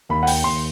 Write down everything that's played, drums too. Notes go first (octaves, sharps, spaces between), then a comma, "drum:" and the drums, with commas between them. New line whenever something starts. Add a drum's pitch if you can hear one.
D#2 B5
F#5
G5, drum: open hi-hat
D#2 C6